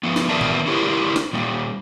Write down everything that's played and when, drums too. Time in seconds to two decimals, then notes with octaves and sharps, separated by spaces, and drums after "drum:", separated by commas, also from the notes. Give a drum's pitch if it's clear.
0.03 F3 B3
0.16 drum: snare
0.29 D#3 B3 A#4 D5 E5 A5
0.41 drum: tom A2
0.66 C#4 E4 G4 A#4 C5
1.16 drum: snare
1.33 A#2 G3